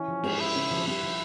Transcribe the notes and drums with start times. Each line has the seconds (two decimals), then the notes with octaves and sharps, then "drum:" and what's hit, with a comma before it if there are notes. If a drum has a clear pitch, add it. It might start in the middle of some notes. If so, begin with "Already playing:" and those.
Already playing: E3 C#4
0.08 F3
0.24 G#2 G#3, drum: cymbal
0.40 E4
0.55 C#3 C#4
0.71 F3 F4
0.87 G2 G3 E4
1.03 F3